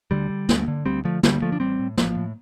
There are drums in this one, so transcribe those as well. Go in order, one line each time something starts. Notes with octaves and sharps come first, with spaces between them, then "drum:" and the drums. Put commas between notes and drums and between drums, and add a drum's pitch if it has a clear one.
D2 D3 G3
D3
D2, drum: snare
D3
D2 G3 C4
D3 F3 A3
D2 D3 G3, drum: snare
D3 F3 A3
D4
A1 G3 C4
A2
A1 F3, drum: snare
A2